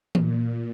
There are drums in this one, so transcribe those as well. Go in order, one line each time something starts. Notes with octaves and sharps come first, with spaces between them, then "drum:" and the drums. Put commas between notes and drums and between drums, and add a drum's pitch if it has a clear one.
A#2, drum: tom E3